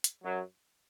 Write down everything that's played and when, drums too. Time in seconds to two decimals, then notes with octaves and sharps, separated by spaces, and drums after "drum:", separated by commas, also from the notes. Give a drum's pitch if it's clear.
0.04 drum: hi-hat
0.23 F#2 F#3